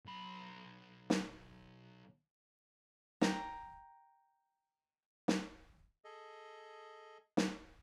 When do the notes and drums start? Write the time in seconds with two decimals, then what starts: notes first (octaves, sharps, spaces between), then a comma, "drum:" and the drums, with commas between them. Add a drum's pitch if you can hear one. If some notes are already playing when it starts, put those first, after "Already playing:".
0.05 B1 B5
1.10 drum: snare
3.21 G5 A#5, drum: snare
5.28 drum: snare
6.04 G#4 A4 D#5
7.37 drum: snare